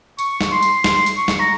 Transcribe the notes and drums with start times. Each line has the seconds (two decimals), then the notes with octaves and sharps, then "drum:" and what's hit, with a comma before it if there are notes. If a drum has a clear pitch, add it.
0.18 C#6, drum: tambourine
0.41 drum: snare
0.52 C6
0.62 drum: tambourine
0.84 C6, drum: snare
1.06 drum: tambourine
1.17 C#6
1.28 drum: snare
1.40 A#5